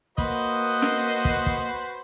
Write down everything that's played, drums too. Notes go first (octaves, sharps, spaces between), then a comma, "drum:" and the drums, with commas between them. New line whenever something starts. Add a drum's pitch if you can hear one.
A#3 F#4 B4 C5 D#5, drum: kick
drum: snare
drum: kick
drum: kick